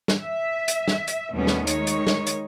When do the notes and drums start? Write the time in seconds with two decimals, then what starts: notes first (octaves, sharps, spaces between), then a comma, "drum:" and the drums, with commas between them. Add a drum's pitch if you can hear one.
0.08 drum: snare
0.22 E5
0.68 drum: hi-hat
0.88 drum: snare
1.07 drum: hi-hat
1.33 D#2 B2 G3 A3 B3 C#4
1.47 drum: snare
1.67 D#3 G#3 D#4 C#5, drum: hi-hat
1.87 drum: hi-hat
2.07 drum: snare
2.26 drum: hi-hat